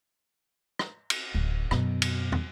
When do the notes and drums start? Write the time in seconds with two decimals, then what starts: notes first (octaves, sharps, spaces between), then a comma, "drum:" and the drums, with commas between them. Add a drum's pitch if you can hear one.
0.79 drum: rim click
1.10 drum: cymbal
1.35 D1
1.71 F#2 B2, drum: rim click
2.02 drum: cymbal
2.32 drum: tom